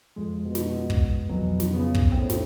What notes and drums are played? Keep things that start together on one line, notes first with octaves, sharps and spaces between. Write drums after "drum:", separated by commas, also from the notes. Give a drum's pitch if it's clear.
F2 G#3
B2
drum: snare
drum: kick
F2 B2 E3 F#3
drum: snare
C#3 B3
drum: kick
A2 C4
drum: snare